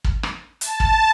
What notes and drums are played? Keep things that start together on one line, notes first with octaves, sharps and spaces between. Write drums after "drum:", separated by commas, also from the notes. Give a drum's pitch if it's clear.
drum: kick
drum: rim click
A5, drum: hi-hat
drum: kick